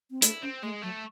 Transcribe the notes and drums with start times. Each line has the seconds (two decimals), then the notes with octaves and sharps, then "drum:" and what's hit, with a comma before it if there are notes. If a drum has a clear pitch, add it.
0.11 C4
0.22 A3 E4, drum: hi-hat
0.43 C4 C#4
0.63 G#3 A3
0.82 F#3 A3